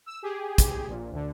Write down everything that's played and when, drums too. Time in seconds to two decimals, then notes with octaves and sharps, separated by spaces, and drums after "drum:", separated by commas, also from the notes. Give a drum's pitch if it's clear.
0.06 E6
0.22 G4 G#4
0.58 drum: kick, hi-hat
0.87 A#1 A#2
1.11 D2 D3